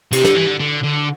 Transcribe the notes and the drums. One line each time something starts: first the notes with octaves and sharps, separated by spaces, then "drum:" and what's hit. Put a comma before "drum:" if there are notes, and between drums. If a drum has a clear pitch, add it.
C3 G4, drum: cymbal
D3, drum: snare
E3
D3
D3
D3